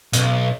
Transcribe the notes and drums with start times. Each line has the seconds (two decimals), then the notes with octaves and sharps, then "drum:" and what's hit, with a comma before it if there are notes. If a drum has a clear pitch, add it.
0.13 B1, drum: hi-hat